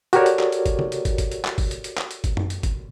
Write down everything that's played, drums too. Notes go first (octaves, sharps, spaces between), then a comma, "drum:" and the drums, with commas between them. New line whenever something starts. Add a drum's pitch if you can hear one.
F#4 G4 A4 A#4 C#5 D5, drum: hi-hat
drum: hi-hat
drum: clap
drum: hi-hat
drum: kick, hi-hat
drum: tom
drum: hi-hat
drum: kick, hi-hat
drum: kick, hi-hat
drum: hi-hat
drum: clap
drum: kick, open hi-hat
drum: hi-hat
drum: hi-hat
drum: clap
drum: hi-hat
drum: kick, hi-hat
drum: tom F#2
drum: hi-hat
drum: kick, hi-hat